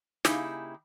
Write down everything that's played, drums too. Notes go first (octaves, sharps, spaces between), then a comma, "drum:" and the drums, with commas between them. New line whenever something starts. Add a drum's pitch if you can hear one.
C#3 A#3 D#4 E4 G4 G#4, drum: snare